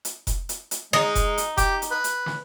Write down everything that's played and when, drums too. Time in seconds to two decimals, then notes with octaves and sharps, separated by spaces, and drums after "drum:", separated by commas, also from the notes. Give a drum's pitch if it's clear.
0.05 drum: hi-hat
0.27 drum: kick F1, hi-hat
0.49 drum: hi-hat
0.71 drum: hi-hat
0.93 G#3 D#4, drum: snare
1.15 drum: kick F1, hi-hat
1.38 drum: hi-hat
1.57 G4, drum: kick F1, hi-hat
1.82 drum: hi-hat
1.91 B4
2.04 drum: hi-hat
2.26 drum: snare